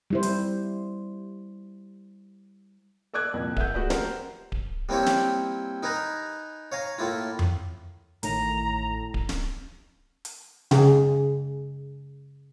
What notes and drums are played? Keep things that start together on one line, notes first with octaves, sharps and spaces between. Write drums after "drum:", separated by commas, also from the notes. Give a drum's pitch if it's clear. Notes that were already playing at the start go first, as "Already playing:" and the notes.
G3 E4 C5
drum: hi-hat
A4 D5 D6 F#6 G#6
C2 F2 A#2
A4 E5 F#5 G6, drum: kick D1
A3 F#4 G#4 B4 D5
G4 A#4 C5 F#5, drum: snare
drum: kick D1
G3 A#3 C4 E4 G4 C#5
drum: snare
D#4 A#4 B4 G#5 A#5
C#5 F5 G#5 A#5
A2 A#3 E4 F4
drum: tom F2
A1 A2 D#3 A#5, drum: hi-hat
drum: kick D1
drum: snare
drum: hi-hat
C#3 G#4, drum: snare